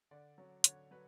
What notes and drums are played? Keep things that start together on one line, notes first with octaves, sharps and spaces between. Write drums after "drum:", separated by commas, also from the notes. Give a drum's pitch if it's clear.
D3 D5
F#3 C#4
D3 C#5, drum: hi-hat
F#3 B4